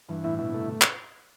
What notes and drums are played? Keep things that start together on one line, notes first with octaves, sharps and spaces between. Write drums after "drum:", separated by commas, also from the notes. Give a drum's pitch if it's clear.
G2 E3
A2 E4
B2 E4
C3
D3 A3
drum: clap